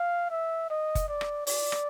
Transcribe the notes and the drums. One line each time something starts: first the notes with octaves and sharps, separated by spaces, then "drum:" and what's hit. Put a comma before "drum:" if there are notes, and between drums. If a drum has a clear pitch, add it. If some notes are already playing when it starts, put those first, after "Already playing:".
Already playing: F5
E5
D#5
drum: kick F#1, hi-hat
D5
drum: rim click
D5, drum: open hi-hat
drum: rim click